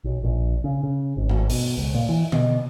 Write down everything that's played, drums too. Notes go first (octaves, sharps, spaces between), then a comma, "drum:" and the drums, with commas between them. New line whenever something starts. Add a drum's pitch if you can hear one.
B1
A#1
C#3
C#3
G#1
drum: tom G2
B2, drum: open hi-hat
C#2
A#2
E3
B2, drum: tom D3